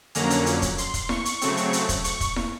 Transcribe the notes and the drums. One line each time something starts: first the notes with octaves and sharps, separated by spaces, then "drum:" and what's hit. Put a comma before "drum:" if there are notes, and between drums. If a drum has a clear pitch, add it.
F2 D3 F#3 A#3 C#4 A#5, drum: hi-hat
drum: hi-hat
drum: hi-hat
drum: kick, hi-hat
C6, drum: hi-hat
drum: kick, hi-hat
C#6, drum: snare E4
drum: hi-hat
C#3 F#3 A3 C4, drum: hi-hat
drum: hi-hat
drum: hi-hat
drum: kick, hi-hat
C#6, drum: hi-hat
drum: kick, hi-hat
drum: snare E4